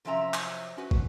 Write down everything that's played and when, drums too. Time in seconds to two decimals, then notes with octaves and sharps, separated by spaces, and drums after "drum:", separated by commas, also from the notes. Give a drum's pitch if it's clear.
0.05 C3 F3 F#3 C#4 E5 A#5
0.34 drum: clap
0.77 C#4 F#4 B4
0.91 drum: kick